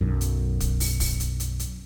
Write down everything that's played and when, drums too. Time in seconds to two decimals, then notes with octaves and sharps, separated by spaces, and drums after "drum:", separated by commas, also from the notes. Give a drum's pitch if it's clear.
0.01 B1 F#2
0.21 drum: hi-hat
0.60 drum: kick, hi-hat
0.80 drum: open hi-hat
1.00 drum: kick, open hi-hat
1.20 drum: hi-hat
1.40 drum: hi-hat
1.59 drum: hi-hat